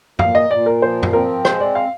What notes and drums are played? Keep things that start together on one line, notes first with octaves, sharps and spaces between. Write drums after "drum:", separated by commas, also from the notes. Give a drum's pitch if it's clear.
A#2 F5, drum: tom F#2
D#5
A#2 D5
A#4
F3 C5
drum: tom F#2
C4 A#4
G#3 C5, drum: rim click
D5
F5